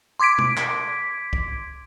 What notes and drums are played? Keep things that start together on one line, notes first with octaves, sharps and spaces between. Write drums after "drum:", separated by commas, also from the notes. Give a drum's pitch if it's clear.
C6 D6 G#6 B6 D7
drum: tom
drum: clap
drum: kick C2